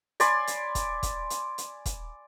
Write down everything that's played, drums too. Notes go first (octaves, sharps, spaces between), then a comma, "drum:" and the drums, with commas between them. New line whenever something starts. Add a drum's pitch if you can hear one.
D5 G#5 B5 C6, drum: hi-hat
drum: hi-hat
drum: kick, hi-hat
drum: kick, hi-hat
drum: hi-hat
drum: hi-hat
drum: kick, hi-hat